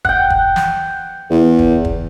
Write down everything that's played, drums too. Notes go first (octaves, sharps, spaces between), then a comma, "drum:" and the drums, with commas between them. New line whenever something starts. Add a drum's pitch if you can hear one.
F#5 G5, drum: kick
drum: kick
drum: snare
E2
drum: kick
drum: kick